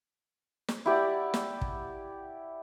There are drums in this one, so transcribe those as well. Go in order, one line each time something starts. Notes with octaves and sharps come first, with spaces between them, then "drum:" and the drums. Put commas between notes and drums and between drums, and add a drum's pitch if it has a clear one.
drum: snare
E4 G4 D5 F#5
drum: snare
drum: kick